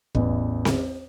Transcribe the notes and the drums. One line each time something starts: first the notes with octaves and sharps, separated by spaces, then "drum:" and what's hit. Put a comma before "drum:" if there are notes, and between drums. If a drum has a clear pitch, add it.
A1 E2, drum: kick
drum: snare C4